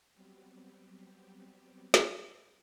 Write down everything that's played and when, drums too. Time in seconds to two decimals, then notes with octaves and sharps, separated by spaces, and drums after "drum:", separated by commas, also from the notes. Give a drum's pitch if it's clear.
0.13 F#3 G3 B3 C4 G4
1.94 drum: snare